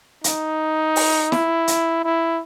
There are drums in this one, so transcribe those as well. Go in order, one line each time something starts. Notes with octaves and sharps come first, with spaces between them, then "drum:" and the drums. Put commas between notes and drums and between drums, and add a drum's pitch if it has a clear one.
D#4, drum: hi-hat
drum: open hi-hat
E4, drum: snare
drum: hi-hat
E4